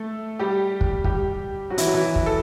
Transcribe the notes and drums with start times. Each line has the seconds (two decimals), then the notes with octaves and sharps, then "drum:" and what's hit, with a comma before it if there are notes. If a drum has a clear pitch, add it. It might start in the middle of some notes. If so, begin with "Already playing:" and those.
Already playing: A3 A4
0.39 G3 G4
0.81 drum: kick
1.04 G3 G4, drum: kick
1.70 F#3 F#4
1.78 E3 E4, drum: hi-hat
1.87 F#3 F#4
1.94 E3 E4
2.16 drum: kick
2.26 A4